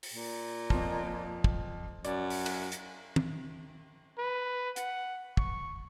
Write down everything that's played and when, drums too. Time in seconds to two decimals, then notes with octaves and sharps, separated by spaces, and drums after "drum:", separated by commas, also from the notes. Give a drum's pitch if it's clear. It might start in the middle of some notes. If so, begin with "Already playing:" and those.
0.03 drum: open hi-hat
0.13 A#2
0.70 F2 F3, drum: kick
1.44 drum: kick
2.05 F#2 D5, drum: hi-hat
2.30 drum: open hi-hat
2.46 drum: cymbal
2.72 drum: hi-hat
3.16 drum: tom
4.18 B4
4.76 F#5, drum: hi-hat
5.37 C#6, drum: kick